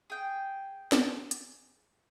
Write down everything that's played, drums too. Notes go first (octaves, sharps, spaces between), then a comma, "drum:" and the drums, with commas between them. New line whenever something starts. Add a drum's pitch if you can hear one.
G#4 G5
drum: snare
drum: hi-hat